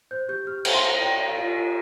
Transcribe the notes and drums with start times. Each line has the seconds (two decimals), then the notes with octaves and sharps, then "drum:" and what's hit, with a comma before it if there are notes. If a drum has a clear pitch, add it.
0.11 C5 G6
0.29 G4 G6
0.47 G4 F6
0.65 C5, drum: cymbal
0.74 C6
0.83 C5
1.01 D5 G5
1.19 D5
1.28 F5
1.37 F4
1.55 F4